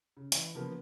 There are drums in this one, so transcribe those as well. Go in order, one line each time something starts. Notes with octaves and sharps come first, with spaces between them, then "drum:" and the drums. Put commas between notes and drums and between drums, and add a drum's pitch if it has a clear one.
C#3
E3, drum: hi-hat
C#3 F3 A#3 B3